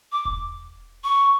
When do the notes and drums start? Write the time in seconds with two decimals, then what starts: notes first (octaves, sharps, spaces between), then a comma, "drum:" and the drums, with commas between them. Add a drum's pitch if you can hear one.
0.12 D6
0.25 drum: kick E1
1.04 C#6